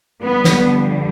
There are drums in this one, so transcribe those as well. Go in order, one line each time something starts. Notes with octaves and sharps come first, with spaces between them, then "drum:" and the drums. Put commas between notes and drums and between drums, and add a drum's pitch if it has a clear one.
F2 D3 G3 B3
drum: snare